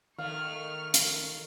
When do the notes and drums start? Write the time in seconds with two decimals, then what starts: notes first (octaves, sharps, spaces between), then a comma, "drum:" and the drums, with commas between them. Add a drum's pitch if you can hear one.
0.18 D#3 A3 F5 C#6 F6
0.94 drum: hi-hat